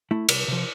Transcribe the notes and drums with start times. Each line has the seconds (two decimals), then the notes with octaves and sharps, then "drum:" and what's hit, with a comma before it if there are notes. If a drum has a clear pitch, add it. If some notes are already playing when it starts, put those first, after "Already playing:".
0.11 A3 E4
0.29 C2, drum: cymbal
0.48 C3 F3